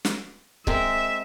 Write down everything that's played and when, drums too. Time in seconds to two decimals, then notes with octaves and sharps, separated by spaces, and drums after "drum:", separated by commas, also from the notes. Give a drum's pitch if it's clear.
0.05 drum: snare
0.67 G#3 C4 A#4 E5, drum: kick C#1